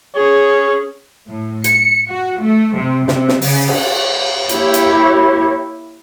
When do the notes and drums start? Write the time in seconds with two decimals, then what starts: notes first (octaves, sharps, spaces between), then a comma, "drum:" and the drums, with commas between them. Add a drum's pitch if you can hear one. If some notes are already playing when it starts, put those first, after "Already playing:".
0.15 C#4 G#4 C#5
1.27 A2
1.64 C#7, drum: hi-hat
2.09 F#4
2.40 A3
2.75 C3
3.08 C3, drum: snare
3.28 drum: snare
3.42 C#3, drum: open hi-hat
3.68 drum: cymbal
4.49 A#3 E4 G4 C#5, drum: hi-hat
4.74 drum: hi-hat